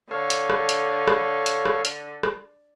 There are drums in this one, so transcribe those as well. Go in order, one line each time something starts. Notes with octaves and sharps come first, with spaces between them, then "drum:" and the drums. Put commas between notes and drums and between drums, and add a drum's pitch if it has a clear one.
D3 A4 C#5 F5
drum: hi-hat
drum: rim click
drum: hi-hat
drum: rim click
drum: hi-hat
drum: rim click
drum: hi-hat
drum: rim click